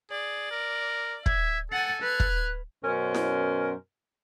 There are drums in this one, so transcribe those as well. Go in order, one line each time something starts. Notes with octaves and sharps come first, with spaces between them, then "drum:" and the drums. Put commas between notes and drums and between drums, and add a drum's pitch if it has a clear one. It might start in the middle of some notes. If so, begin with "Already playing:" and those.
G#4 D5
A#4
E5 G#6, drum: kick
A4 F#5 G#5 A6
B4 F6 F#6 G#6
drum: kick
F#2 B2 C#4 A#4 C5
drum: snare E4